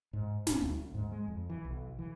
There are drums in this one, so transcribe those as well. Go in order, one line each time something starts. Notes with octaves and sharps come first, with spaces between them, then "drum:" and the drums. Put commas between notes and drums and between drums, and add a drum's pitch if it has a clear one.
G#2
E1, drum: snare
D2
G#2
G#3
F2
E3
B1
E3